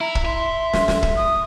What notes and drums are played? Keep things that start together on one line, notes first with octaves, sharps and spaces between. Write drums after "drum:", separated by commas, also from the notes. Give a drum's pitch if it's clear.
E4 A#5
drum: kick
E5 C6
drum: snare
drum: snare
drum: kick
D#6